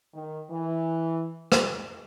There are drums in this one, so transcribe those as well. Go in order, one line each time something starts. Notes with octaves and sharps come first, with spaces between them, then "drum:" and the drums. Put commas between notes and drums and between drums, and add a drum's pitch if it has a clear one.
D#3
E3
drum: rim click